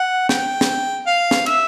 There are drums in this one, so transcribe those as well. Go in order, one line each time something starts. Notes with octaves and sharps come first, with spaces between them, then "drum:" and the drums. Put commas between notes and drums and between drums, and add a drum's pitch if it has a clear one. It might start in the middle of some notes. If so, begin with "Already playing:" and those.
Already playing: F#5
G5, drum: snare
drum: snare
F5
drum: snare
E5, drum: cymbal